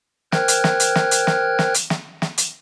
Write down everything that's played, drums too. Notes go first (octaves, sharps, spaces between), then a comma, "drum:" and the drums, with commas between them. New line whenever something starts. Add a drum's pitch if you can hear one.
A#4 C5 G5 F6 F#6 G#6, drum: snare
drum: hi-hat
drum: snare
drum: hi-hat
drum: snare
drum: hi-hat
drum: snare
drum: snare
drum: hi-hat
drum: snare
drum: snare
drum: hi-hat